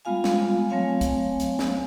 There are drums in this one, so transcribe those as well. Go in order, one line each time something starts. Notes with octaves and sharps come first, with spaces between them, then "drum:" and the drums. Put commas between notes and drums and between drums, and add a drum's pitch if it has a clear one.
G3 G#3 B3 F4 F5 G#5
drum: snare C#4
F#3 A3 C4 C#5 F5 G#5
drum: kick, hi-hat
drum: hi-hat
drum: snare C#4